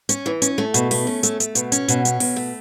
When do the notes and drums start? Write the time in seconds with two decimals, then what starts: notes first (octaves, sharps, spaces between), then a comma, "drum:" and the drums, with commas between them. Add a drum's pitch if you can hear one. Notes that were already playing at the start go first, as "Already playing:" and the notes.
0.09 C#4, drum: hi-hat
0.26 E3
0.42 C#4, drum: hi-hat
0.58 A3
0.74 B2, drum: hi-hat
0.91 A3, drum: open hi-hat
1.07 C#4
1.23 A3, drum: hi-hat
1.40 A3, drum: hi-hat
1.55 B2, drum: hi-hat
1.72 C#4, drum: hi-hat
1.88 B2, drum: hi-hat
2.05 C#4, drum: hi-hat
2.20 B2, drum: open hi-hat
2.36 A3